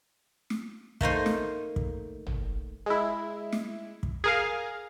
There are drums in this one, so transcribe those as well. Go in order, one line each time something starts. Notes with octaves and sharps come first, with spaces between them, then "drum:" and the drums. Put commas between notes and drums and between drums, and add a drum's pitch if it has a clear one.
drum: snare
A3 A#3 D#4 C5, drum: kick
drum: snare
drum: kick
drum: tom
G#3 E4
drum: snare
drum: kick
G#4 A#4 F5